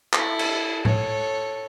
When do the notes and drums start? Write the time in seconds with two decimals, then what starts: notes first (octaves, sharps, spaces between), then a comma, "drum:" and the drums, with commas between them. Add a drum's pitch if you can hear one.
0.13 E4 A4, drum: clap
0.39 drum: cymbal
0.85 A4 C#5, drum: tom A2